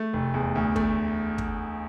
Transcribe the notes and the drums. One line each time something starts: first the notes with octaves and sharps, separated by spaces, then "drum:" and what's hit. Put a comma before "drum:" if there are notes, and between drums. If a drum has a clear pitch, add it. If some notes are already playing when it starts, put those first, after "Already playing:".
Already playing: A3
F1
E2
D2
A3, drum: kick
drum: kick